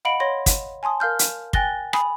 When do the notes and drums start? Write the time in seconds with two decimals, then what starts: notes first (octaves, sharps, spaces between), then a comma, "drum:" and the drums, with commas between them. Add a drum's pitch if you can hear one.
0.05 D#5 F5 F#5 B5 D7 F#7
0.20 C#5 C6 A#6
0.46 drum: kick, hi-hat
0.83 G#5 A5 C6 D#6
1.00 A#4 F5 F6 G6
1.19 drum: hi-hat
1.53 G5 G#5 F#6 A6 A#6 G7, drum: kick
1.93 G#5 B5 D#6, drum: rim click